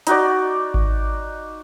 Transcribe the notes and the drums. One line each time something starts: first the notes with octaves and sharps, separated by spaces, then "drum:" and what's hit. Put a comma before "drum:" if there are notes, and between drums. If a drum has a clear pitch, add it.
D#4 F#4 D5, drum: hi-hat
drum: kick G#1